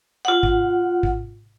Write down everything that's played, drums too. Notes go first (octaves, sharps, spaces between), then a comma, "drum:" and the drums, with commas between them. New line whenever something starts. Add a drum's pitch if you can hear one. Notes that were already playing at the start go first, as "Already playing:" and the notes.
F4 F#5
drum: kick
drum: kick